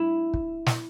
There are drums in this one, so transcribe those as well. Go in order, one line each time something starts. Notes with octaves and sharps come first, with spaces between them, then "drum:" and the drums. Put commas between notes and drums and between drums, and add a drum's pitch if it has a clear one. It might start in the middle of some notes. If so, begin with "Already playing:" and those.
Already playing: E4
drum: kick
drum: snare